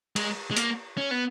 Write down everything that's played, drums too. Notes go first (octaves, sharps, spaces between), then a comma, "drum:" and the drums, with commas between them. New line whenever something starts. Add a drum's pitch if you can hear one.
G#3, drum: cymbal
G#3
A#3, drum: hi-hat
C#4
B3